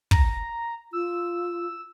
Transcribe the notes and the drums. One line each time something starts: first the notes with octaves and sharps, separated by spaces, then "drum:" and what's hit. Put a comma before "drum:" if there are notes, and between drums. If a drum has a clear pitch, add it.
A#5, drum: kick
F4 E6